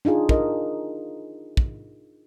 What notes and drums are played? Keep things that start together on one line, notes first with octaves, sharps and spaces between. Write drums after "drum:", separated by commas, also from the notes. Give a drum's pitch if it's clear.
D4 D#4 F4 G#4
A#4 D#5, drum: kick
drum: kick